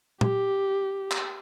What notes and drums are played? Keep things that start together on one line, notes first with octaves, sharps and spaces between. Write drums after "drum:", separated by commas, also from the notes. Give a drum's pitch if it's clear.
G4, drum: tom A#2
drum: clap